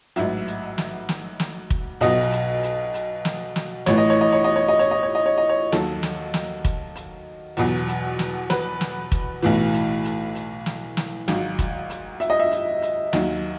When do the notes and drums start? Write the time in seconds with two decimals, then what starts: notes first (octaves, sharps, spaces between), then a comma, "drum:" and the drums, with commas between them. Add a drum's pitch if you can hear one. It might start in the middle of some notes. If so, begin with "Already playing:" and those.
0.16 A1 G#2 F#3 E5, drum: hi-hat
0.47 drum: hi-hat
0.78 drum: snare
1.09 drum: snare
1.40 drum: snare
1.70 drum: kick
2.01 B1 B2 F#3 D#5, drum: hi-hat
2.32 drum: hi-hat
2.63 drum: hi-hat
2.94 drum: hi-hat
3.25 drum: snare
3.56 drum: snare
3.86 A1 A2 E3 C#5, drum: snare
3.98 D#5
4.10 C#5
4.21 D#5
4.33 C#5
4.44 D#5
4.56 C#5
4.68 D#5
4.79 C#5, drum: hi-hat
4.91 D#5
5.03 C#5
5.15 D#5
5.26 C#5
5.38 D#5
5.49 C#5
5.72 D#2 D#3 F#3 A4, drum: snare
6.03 drum: snare
6.34 drum: snare
6.65 drum: kick, hi-hat
6.95 drum: hi-hat
7.57 E2 B2 F#3, drum: hi-hat
7.88 drum: hi-hat
8.19 drum: snare
8.50 B4, drum: snare
8.81 drum: snare
9.12 drum: kick, hi-hat
9.42 B1 A2 E3, drum: hi-hat
9.73 drum: hi-hat
10.04 drum: hi-hat
10.35 drum: hi-hat
10.66 drum: snare
10.97 drum: snare
11.28 G#1 G#2 F#3, drum: snare
11.59 drum: kick, hi-hat
11.90 drum: hi-hat
12.20 E5, drum: hi-hat
12.30 D#5
12.40 E5
12.51 drum: hi-hat
12.82 drum: hi-hat
13.13 D#2 D#3 F#3, drum: snare